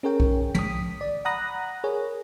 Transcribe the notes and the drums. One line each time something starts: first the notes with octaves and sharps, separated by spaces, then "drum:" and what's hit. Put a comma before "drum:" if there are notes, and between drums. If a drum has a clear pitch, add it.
C#4 G#4 A#4 C#5 G5
drum: kick B1
D#6 B6, drum: tom
D5
F#5 A#5 B5 D#6 F#6 A#6
G#4 A#4 C#5